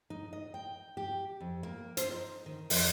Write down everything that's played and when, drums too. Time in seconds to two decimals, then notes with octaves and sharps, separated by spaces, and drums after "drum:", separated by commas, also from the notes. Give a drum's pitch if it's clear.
0.10 D#4
0.33 D#5
0.54 G5
0.97 G4
1.40 F2
1.63 A#3
1.97 C5, drum: hi-hat
2.11 D#4
2.46 D#3
2.70 F2, drum: open hi-hat